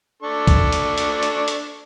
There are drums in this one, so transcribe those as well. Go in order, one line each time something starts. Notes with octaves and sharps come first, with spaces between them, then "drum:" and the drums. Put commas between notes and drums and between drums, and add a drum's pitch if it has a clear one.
D4 A4 C#6
drum: kick, hi-hat
drum: hi-hat
drum: hi-hat
drum: hi-hat
drum: hi-hat